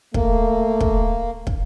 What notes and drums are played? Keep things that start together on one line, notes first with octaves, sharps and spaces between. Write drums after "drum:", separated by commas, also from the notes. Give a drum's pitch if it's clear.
A3 A#3, drum: kick
drum: kick
drum: kick